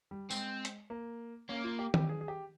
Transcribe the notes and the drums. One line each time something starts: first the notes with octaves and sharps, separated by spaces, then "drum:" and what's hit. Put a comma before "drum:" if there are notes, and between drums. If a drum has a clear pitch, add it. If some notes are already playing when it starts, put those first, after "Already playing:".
G3
G#3 C4, drum: tambourine
drum: hi-hat
A#3
A#3 C#4
F4
G4
G4, drum: tom D#3
G#4
G#4
G4